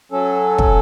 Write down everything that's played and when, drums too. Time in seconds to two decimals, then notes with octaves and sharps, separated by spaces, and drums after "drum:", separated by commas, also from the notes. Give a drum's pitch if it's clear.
0.12 F#3 C#4 A4
0.59 drum: kick